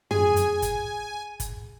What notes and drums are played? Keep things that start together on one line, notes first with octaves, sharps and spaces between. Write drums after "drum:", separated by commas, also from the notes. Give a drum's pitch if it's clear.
G#4 G#5, drum: tom
drum: hi-hat
drum: kick G1, hi-hat
drum: kick G1, hi-hat